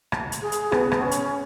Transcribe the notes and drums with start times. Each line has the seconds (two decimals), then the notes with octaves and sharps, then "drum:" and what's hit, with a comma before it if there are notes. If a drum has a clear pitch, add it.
0.12 drum: rim click
0.32 drum: hi-hat
0.42 G#4
0.52 drum: hi-hat
0.72 B3, drum: rim click
0.92 drum: rim click
1.01 C#4
1.11 drum: hi-hat